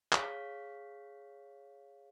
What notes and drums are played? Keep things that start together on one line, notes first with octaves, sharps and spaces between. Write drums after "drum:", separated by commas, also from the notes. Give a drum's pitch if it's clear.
G#4 C#5 F5 B6, drum: clap